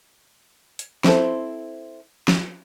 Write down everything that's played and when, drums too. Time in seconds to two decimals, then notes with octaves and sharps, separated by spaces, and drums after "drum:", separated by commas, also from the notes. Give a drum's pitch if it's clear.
0.79 drum: hi-hat
1.04 C4 E4 A4 C5, drum: snare
2.28 drum: snare